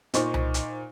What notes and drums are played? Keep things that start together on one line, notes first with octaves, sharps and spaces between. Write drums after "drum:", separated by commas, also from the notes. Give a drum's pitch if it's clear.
A#2 D#4 C5 C#6, drum: hi-hat
drum: tom C2
drum: hi-hat